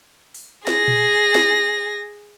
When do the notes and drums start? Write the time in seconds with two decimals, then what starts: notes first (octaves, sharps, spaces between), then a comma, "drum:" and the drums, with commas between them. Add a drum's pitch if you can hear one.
0.34 drum: open hi-hat
0.67 G#4 A#6, drum: snare
0.88 drum: tom A#2
1.35 drum: snare